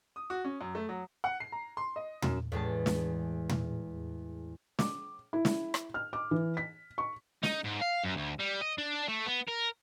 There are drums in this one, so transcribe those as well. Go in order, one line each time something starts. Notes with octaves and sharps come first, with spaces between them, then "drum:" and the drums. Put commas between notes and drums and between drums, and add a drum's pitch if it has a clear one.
D#6
F#4
C#4
F#2
A3
F#3
F#5
C7
A#5
C6
D#5
F#2, drum: tom
E2 A2 G#3 A5
drum: snare
drum: tom
D6, drum: snare
E4
drum: snare
drum: rim click
F6
D6
E3
B6
C#6
D#4, drum: snare
G#2
F5
F#2
D2
G3
D#5
D4
A3
B3
A#4